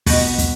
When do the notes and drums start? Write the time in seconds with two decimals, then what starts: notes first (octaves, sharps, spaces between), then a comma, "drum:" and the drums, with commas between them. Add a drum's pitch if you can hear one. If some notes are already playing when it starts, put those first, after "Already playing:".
0.06 B2 B3, drum: kick, open hi-hat
0.38 drum: kick, hi-hat